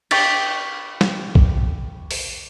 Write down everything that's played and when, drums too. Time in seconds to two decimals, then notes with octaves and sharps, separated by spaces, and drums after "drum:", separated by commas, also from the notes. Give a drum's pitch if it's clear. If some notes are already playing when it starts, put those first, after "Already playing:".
0.11 G5 C#6 D6 A6 B6, drum: cymbal
1.01 drum: snare
1.35 drum: kick A#1
2.11 drum: open hi-hat